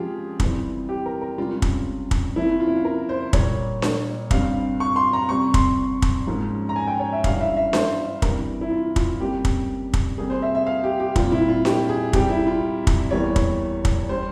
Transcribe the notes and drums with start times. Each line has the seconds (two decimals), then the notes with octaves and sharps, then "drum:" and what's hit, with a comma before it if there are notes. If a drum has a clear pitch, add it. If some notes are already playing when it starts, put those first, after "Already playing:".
Already playing: F2 C#3 F3 G#3 C#4 F4 G4 G#4
0.40 F2 E3 G3 C4, drum: kick
0.89 G4
1.06 A#4
1.21 A#4
1.37 C#2 C3 G3 C#4 F4
1.62 drum: kick
2.11 drum: kick
2.36 C3 F3 A#3 C#4 E4
2.60 F4
2.68 E4
2.76 F4
2.85 A#4
3.09 C5
3.33 A#2 G3 A#3 C#5, drum: kick
3.82 drum: snare D4
4.31 G2 G3 C4 F5, drum: kick
4.80 C#6
4.96 C6
5.13 A#5
5.29 C3 G3 C4 C#6
5.54 C6, drum: kick
6.02 drum: kick
6.27 G#2 F3 A#3 C#4
6.69 A#5
6.76 G#5
6.87 G5
7.00 C#5
7.12 E5
7.24 G2 E3 G3 C#4 F5, drum: kick
7.41 E5
7.57 E5
7.73 C5, drum: snare D4
8.22 G2 E3 G3 C4 A#4, drum: kick
8.61 E4
8.72 F4
8.96 F4, drum: kick
9.20 F2 C3 G3 A#3 C#4 G4
9.45 drum: kick
9.94 drum: kick
10.18 F2 C3 G3 A#3 G#4
10.30 C5
10.42 E5
10.55 E5
10.67 F5
10.84 G4
11.00 G4
11.16 A#2 G3 C4 F4, drum: kick
11.32 E4
11.48 F4
11.65 G4, drum: snare D4
11.89 G#4
12.13 C2 C3 G3 G4, drum: kick
12.29 E4
12.47 F4
12.87 drum: kick
13.11 E2 E3 G3 A#3 C#5
13.36 drum: kick
13.85 drum: kick
14.09 G3 C#4 C5